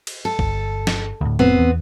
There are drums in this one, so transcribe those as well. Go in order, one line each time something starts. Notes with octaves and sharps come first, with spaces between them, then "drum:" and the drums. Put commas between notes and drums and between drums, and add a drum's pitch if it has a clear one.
drum: cymbal
A4
G1, drum: kick
drum: snare
D2 A2
F1 B3 C4, drum: tom A2
E2